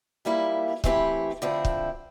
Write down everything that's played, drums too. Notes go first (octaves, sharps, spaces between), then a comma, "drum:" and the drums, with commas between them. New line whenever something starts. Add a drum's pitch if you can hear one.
A#2 G3 A#3 E4
E3 A3 C4 E4 G4, drum: kick
D3 F3 A3 C4 E4
drum: kick